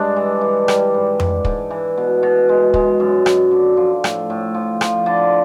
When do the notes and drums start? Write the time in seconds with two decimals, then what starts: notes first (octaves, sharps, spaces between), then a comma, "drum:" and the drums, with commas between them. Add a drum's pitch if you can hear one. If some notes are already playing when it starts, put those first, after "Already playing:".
Already playing: G2 G#3 D4
0.16 E3
0.41 E3
0.68 G3, drum: rim click
0.94 G#2
1.20 G#2, drum: tom F2
1.45 G#2, drum: kick
1.71 E3
1.97 B2
2.23 B2
2.49 G#3
2.74 G#3, drum: kick
3.00 F#2
3.26 F#2, drum: rim click
3.51 D3
3.77 F3
4.04 A2, drum: rim click
4.30 A2
4.54 F3
4.81 F3, drum: rim click
5.06 D3